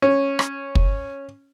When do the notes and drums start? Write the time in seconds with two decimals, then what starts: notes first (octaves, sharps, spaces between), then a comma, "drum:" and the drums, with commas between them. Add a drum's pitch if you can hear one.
0.02 C#4
0.39 drum: rim click
0.75 drum: kick